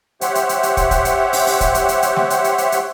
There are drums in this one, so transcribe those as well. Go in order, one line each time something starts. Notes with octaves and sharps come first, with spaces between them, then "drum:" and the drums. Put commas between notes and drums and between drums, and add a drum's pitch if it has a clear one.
G4 C5 C#5 E5 F#5, drum: hi-hat
drum: hi-hat
drum: hi-hat
drum: hi-hat
drum: kick, hi-hat
drum: kick, hi-hat
drum: hi-hat
drum: open hi-hat
drum: open hi-hat
drum: kick, hi-hat
drum: hi-hat
drum: hi-hat
drum: hi-hat
drum: snare
drum: hi-hat
drum: hi-hat
drum: hi-hat
drum: hi-hat